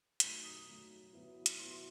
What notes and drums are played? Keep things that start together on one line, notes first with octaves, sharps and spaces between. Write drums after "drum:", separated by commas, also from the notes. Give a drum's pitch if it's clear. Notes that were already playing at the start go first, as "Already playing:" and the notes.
F#3 A3 D#4 B6, drum: hi-hat
D#6
F#3 A3 D#4
F#3 B3 E4
drum: hi-hat
F#3 B3 E4 C6